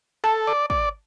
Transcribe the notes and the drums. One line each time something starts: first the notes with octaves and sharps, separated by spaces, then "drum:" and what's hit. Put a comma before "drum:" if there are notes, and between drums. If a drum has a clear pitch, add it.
A4 A5
D5
D5, drum: kick